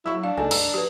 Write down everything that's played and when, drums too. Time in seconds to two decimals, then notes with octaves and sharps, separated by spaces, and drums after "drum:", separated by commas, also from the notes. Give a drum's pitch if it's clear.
0.06 F#3 E4 C#6 E6
0.24 D4 F5
0.38 C#2 A3 D#4 A4 G#5
0.51 G2 A#5 E6, drum: cymbal
0.74 F#3 G4 B4